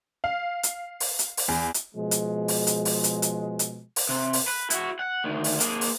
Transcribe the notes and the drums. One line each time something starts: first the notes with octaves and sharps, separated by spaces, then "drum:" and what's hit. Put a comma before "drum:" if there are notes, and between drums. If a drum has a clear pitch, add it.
F5
drum: hi-hat
drum: open hi-hat
drum: hi-hat
drum: open hi-hat
E2
drum: hi-hat
B2 F3 G#3
drum: hi-hat
drum: open hi-hat
drum: hi-hat
drum: open hi-hat
drum: hi-hat
drum: hi-hat
drum: hi-hat
drum: open hi-hat
C3
drum: open hi-hat
B4
E4 F#4, drum: hi-hat
F#5
D2 D#3
drum: open hi-hat
A#3 G#4, drum: hi-hat
drum: open hi-hat